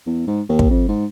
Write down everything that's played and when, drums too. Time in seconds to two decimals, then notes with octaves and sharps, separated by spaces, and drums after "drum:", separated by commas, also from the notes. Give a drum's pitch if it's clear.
0.07 E2
0.27 G#2
0.49 D#2
0.59 drum: kick
0.70 F2
0.89 G#2